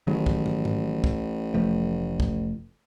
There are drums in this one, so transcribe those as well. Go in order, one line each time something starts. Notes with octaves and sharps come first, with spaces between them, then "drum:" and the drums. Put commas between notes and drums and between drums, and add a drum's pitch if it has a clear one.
A1 D#3 F#3 G#3
drum: kick
drum: tom
drum: tom G#2
drum: kick
F1 F3 A3
drum: kick